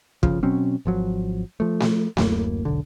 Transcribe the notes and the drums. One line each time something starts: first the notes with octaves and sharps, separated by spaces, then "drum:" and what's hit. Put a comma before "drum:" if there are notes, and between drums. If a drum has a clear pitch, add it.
G1 C2 C#3 F3, drum: kick
B2 F#3 C4 C#4
G#1 F3 F#3
F3 A3
drum: snare A3
D1 F#2 A2 A#3, drum: snare A3
E1 B1 D3